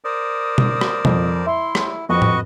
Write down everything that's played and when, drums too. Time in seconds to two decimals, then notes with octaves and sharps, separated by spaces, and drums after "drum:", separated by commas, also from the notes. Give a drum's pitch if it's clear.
0.04 A#4 C5 D5 D#6
0.58 drum: tom B2
0.81 drum: rim click
1.05 F2, drum: tom B2
1.46 E4 E5 C6
1.75 drum: rim click
2.09 F2 C4 F#4 B4 D#5 C#6
2.22 drum: tom A2